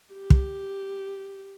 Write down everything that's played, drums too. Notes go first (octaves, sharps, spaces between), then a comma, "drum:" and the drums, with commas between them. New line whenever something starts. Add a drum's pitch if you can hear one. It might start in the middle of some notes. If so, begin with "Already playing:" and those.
G4
drum: kick